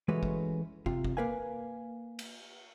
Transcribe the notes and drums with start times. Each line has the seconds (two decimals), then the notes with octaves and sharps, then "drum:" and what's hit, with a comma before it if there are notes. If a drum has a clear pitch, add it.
0.08 E3 G#3 A3 C#4 F#4 B4
0.23 drum: kick
0.86 C3 F4, drum: kick
1.04 drum: kick
1.17 A#3 A#4 B4 F5 G#5
2.19 drum: cymbal